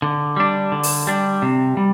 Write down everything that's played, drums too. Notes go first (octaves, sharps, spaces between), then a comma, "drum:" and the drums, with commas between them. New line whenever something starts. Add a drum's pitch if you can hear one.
D3
G3 D4
D3
drum: open hi-hat
G3 D4
C3
G3